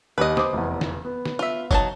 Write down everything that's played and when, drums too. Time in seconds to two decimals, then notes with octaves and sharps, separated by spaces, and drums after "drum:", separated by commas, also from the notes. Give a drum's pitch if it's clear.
0.18 D#2 B4 D#5
0.37 C5 D6 D#6, drum: snare
0.53 F1 E2
0.81 drum: snare
1.05 B3
1.25 drum: snare
1.39 F4 E5
1.71 F#3 D#4 A5, drum: kick, tambourine